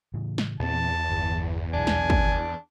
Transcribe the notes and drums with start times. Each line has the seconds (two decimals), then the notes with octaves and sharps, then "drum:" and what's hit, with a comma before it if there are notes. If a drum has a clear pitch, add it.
0.14 A2 C#3 E3
0.38 drum: snare
0.60 E2 A#2 C4 A5
1.09 G1
1.73 D#1 B1 E2 D4 G#5
1.87 drum: snare
2.10 drum: kick